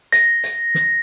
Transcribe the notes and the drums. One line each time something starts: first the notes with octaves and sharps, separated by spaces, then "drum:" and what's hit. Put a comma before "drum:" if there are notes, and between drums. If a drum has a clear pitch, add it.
A#6, drum: hi-hat
drum: hi-hat
drum: snare